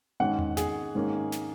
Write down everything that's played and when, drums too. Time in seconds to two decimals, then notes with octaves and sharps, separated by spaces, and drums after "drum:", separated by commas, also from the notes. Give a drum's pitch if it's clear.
0.20 G#2 D#3 G#3 C#4 F#5
0.39 drum: tom E2
0.57 G#4, drum: snare
0.95 G#2 D#3 A#3 C#4
1.32 drum: snare